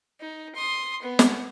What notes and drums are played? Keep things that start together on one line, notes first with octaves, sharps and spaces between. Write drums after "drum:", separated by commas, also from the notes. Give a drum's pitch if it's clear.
D#4
C6 D#6
B3
drum: snare